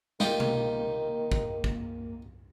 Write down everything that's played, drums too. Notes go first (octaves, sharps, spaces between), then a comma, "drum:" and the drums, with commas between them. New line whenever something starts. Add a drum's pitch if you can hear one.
D#3 A#3 D#4 F4 G4, drum: snare
drum: tom
drum: kick
drum: kick